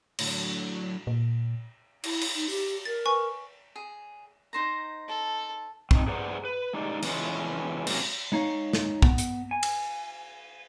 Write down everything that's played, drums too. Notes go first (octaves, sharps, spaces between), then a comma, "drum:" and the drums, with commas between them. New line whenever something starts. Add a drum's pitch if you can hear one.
A2 D3 F#3, drum: cymbal
A#2
E4, drum: cymbal
drum: cymbal
D#4
G4, drum: open hi-hat
A#4 A6
B4 G#5 C#6
G#4
D#4 C5 A#5
A4
C4 D#4, drum: kick
G#4 B4 C5 D5 F#5 A#5
B4
G#3 D#4 G4 D5
E2 E3 G#3 C#4 F4, drum: cymbal
G#2 C3 F#3 A#3 C#4 F#4, drum: cymbal
G#3 D#4 C#5 F5
drum: snare
B3, drum: kick
drum: hi-hat
G#5
drum: cymbal